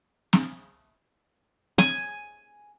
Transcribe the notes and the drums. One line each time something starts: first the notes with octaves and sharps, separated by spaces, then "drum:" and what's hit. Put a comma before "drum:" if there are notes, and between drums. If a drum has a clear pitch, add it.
drum: snare
G#5, drum: snare